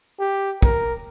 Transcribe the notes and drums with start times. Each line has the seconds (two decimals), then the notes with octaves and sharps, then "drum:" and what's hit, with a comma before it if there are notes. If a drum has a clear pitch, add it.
0.20 G4
0.62 A#4, drum: kick